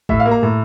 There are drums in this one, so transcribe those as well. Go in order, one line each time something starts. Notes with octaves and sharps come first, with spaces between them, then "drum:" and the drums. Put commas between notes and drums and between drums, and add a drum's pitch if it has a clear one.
A2 E5, drum: kick G#1
F5
A#3
A#5
A2